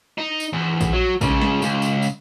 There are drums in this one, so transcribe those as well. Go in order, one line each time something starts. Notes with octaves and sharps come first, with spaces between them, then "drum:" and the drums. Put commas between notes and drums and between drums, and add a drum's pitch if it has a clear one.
D#4
drum: tambourine
E2
drum: kick A#1, tambourine
F#3
C#2 C#3, drum: kick A#1, tambourine
drum: snare
C#2, drum: tambourine
drum: tambourine
drum: tambourine